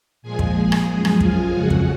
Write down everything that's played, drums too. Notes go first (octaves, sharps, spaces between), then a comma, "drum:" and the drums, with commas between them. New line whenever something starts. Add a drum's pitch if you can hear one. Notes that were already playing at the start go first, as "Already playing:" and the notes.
A#2 F3 G#3 G#4 G#5
drum: kick
drum: rim click
F#2 F3 G#3 G#4 G#5
drum: rim click
F4 F5, drum: kick
F2 C#3 F3 F#4 F#5
drum: kick